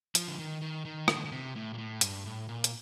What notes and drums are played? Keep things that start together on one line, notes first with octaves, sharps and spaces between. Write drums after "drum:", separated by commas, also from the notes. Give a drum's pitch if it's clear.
F3, drum: hi-hat
D3
D#3
D#3
D#3
D3, drum: rim click
D#3
D3
C3
A2
A#2
A2
G2, drum: hi-hat
A2
A#2
drum: hi-hat